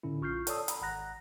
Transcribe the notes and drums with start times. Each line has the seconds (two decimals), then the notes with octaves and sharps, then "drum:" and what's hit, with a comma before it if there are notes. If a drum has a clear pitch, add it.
0.03 A2 D3 C#4 E4
0.21 A#1 F4 C#6 F6 G6 C7
0.47 A4 C#5 D5 A5 D#6 E6, drum: hi-hat
0.68 A#5 B5, drum: hi-hat
0.81 G#1 F#5 A#5 F#6 A#6